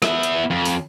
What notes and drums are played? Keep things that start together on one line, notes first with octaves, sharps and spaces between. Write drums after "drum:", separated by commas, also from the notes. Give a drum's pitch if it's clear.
B3 E5, drum: rim click
drum: hi-hat
F2
drum: open hi-hat